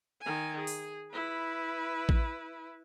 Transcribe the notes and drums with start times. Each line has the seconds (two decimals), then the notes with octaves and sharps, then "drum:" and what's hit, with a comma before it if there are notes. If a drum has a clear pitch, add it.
0.22 D#3 G#5
0.58 G#4
0.67 drum: open hi-hat
1.12 E4 B4
2.09 drum: kick A1